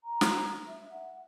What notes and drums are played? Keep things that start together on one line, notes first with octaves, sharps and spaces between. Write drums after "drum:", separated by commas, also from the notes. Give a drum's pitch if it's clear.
A#5
drum: snare
E5
F#5